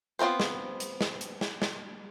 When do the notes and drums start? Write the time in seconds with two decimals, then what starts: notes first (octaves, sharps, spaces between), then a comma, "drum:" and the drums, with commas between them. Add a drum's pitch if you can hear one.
0.19 B3 C4 F4 A#4 C5
0.40 drum: snare
0.80 drum: hi-hat
1.01 drum: snare
1.21 drum: hi-hat
1.41 drum: snare
1.62 drum: snare